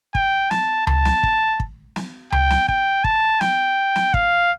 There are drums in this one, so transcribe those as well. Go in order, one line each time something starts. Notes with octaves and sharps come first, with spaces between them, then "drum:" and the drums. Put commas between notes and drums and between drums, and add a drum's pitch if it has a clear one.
G5, drum: kick
A5, drum: snare
A5, drum: tom C#2
drum: snare
drum: kick
drum: kick
drum: snare
G5, drum: tom C#2
drum: snare
G5, drum: kick
A5, drum: kick
G5, drum: snare
drum: snare
F5, drum: kick